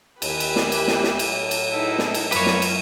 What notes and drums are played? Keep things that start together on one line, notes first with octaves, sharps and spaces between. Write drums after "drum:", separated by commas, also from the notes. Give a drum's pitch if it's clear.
D#2 G4 B4 G#5, drum: cymbal
drum: cymbal
drum: snare
drum: cymbal
drum: snare
drum: snare
A2 F#3, drum: cymbal
drum: cymbal
D#4 E4 G#4 A4 B4
drum: snare
drum: cymbal
F#2 A#3 F4 B4 C#5, drum: cymbal
drum: snare
drum: cymbal